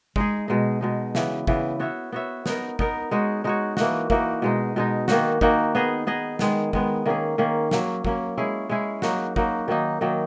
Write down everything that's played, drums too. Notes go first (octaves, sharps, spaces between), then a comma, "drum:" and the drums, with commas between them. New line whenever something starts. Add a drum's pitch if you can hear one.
G#3 D#4 G#4, drum: kick
B2 G#3 D#4
B2 G#3 D#4
C#3 E3 B3, drum: snare
C#3 E3 B3, drum: kick
B3 F#4 C#5 E5
B3 F#4 C#5 E5
B3 D#4 A#4, drum: snare
B3 D#4 A#4, drum: kick
G#3 D#4 F#4 C#5
G#3 D#4 F#4 C#5
E3 A#3 D#4 F#4, drum: snare
E3 A#3 D#4 F#4, drum: kick
B2 G#3 D#4
B2 G#3 D#4
D#3 A#3 D#4 F#4, drum: snare
D#3 A#3 D#4 F#4, drum: kick
B3 D#4 G#4 D#5
B3 D#4 G#4 D#5
D#3 G#3 B3, drum: snare
D#3 G#3 B3, drum: kick
D#3 A#3 C#4 G#4
D#3 A#3 C#4 G#4
F#3 A#3 C#4, drum: snare
F#3 A#3 C#4, drum: kick
G#3 C#4 E4 G#4
G#3 C#4 E4 G#4
F#3 A#3 D#4 F#4, drum: snare
F#3 A#3 D#4 F#4, drum: kick
D#3 F#3 A#3 D#4
D#3 F#3 A#3 D#4